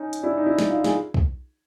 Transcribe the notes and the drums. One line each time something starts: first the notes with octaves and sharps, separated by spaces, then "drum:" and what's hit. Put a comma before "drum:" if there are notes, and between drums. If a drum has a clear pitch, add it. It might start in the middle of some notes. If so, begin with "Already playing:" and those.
Already playing: C#4 D#4
drum: hi-hat
D4 E4
D#4
D4 E4
drum: snare
D#4 F4
G#4, drum: snare
drum: kick